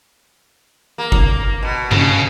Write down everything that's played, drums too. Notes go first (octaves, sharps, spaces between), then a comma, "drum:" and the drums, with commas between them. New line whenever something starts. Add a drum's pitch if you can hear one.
A#3
drum: kick G1
B2
C#3, drum: tom G2